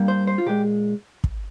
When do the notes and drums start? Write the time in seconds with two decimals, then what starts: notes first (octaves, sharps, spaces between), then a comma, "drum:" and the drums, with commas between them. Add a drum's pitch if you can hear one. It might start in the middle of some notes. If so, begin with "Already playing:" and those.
Already playing: G2 G3 A#3
0.08 C5
0.27 C5
0.38 F4
0.46 A#2 G#3 G4
1.24 drum: kick